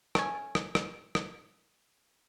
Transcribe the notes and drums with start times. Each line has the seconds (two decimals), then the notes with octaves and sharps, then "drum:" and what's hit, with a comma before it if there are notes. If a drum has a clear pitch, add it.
0.15 A3 C#4, drum: rim click
0.55 drum: rim click
0.75 drum: rim click
1.15 drum: rim click